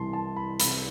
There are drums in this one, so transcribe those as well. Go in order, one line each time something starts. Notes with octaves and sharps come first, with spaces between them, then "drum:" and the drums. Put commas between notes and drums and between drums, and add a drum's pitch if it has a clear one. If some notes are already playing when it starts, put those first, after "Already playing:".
Already playing: C2 C3 E3 A5 C6
A5
B5
C2 C3 E3 B5, drum: hi-hat